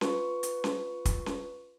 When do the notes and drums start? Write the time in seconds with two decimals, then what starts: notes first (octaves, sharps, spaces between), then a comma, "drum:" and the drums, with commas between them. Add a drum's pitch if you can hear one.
0.01 F4 B4 C#6, drum: snare C#4
0.43 drum: hi-hat
0.64 drum: snare C#4
1.05 drum: kick, hi-hat
1.26 drum: snare C#4